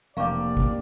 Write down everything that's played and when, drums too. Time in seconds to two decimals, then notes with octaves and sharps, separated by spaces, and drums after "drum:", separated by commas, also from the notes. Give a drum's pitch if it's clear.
0.17 F1 A#3 G4 D5 F5 A#5 C#6
0.57 drum: kick